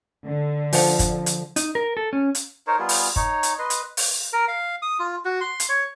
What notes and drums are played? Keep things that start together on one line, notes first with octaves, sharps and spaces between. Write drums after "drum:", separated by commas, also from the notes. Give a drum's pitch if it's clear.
D3
F3 F#5, drum: open hi-hat
drum: kick F#1, hi-hat
drum: hi-hat
D#4, drum: hi-hat
A#4
A4
C#4
drum: hi-hat
D#4 A#4 C5 C#5
G3 B3 F4 G#4
drum: open hi-hat
D#4 C#5, drum: kick F#1
drum: hi-hat
B4 D#5 C6
drum: hi-hat
drum: open hi-hat
A#4
F5
D#6
F4
F#4
C6
drum: hi-hat
C#5